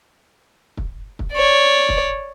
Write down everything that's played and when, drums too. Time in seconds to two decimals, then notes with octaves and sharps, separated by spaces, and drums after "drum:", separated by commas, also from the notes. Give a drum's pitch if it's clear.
0.77 drum: kick
1.19 drum: kick
1.33 C#5 D5
1.89 drum: kick